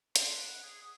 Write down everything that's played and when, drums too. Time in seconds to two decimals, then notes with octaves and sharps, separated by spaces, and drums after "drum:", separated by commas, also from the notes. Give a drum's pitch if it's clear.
0.16 C6, drum: hi-hat
0.34 B4
0.47 F#5
0.63 G#4
0.81 D#6